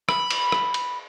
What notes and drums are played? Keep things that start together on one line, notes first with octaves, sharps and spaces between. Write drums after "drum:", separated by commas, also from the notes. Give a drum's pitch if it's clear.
B5, drum: rim click
drum: cymbal
drum: rim click
drum: cymbal